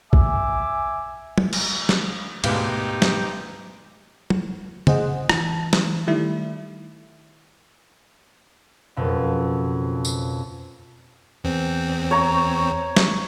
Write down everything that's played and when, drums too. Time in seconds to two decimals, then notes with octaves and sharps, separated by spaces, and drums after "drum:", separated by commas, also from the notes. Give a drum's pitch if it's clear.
0.13 E5 G#5 D6, drum: kick
1.38 drum: tom
1.53 drum: cymbal
1.89 drum: snare
2.44 D2 G#2 B2 D#4 G4 B4 F5, drum: cymbal
3.02 drum: snare
4.30 drum: tom
4.87 G#4 C5 D#5 F#5, drum: tom
5.29 E3 A5, drum: rim click
5.73 E3, drum: snare
6.07 D#3 G3 A3 E4
8.96 F#1 F2 B2
10.05 drum: tambourine
11.44 E2 C4
12.11 C#5 A#5
12.97 drum: snare